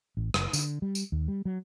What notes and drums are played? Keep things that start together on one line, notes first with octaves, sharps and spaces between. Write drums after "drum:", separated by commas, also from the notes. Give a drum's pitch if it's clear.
A1
F#1, drum: rim click
D3, drum: tambourine
G3
drum: tambourine
D#2
G3
F#3